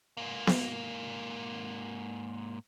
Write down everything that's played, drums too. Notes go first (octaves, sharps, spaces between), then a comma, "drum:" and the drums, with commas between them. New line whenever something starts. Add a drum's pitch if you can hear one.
G#2 A#3
drum: snare B3